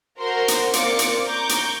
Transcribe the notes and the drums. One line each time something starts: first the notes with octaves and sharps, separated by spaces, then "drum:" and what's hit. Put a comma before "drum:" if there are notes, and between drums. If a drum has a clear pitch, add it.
F#4 A#4 C5 A#5 C6
drum: hi-hat
A#3 C4 F4 D5 D6 C#7, drum: hi-hat
drum: hi-hat
A#5 C#6 D6 G6
drum: hi-hat